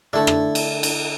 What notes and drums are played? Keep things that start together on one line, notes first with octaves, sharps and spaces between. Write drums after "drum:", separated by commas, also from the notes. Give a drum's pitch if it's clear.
D3 A3 D4 E4 A4 F#5
drum: rim click
drum: cymbal
drum: cymbal